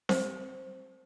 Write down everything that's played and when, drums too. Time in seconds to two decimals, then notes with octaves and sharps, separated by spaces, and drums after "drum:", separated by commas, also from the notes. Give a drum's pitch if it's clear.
0.09 C5, drum: snare C4